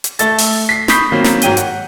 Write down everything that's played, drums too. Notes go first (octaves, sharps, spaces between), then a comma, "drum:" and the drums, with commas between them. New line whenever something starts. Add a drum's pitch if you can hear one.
drum: hi-hat
A3 A4 E6 A6, drum: hi-hat
drum: open hi-hat
B6 C7
B5 C#6 D#6 G6 B6 C7, drum: snare
D#3 F#3 A#3 C4
drum: snare
G#2 F#3 G5 D#7 G7, drum: hi-hat
F#5, drum: hi-hat